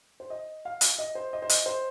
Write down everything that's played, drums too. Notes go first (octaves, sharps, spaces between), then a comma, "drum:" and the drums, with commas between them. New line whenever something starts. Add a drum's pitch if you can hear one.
C5
D#5
F5
drum: hi-hat
D#5
C5
D#5
C5
D#5, drum: hi-hat
C5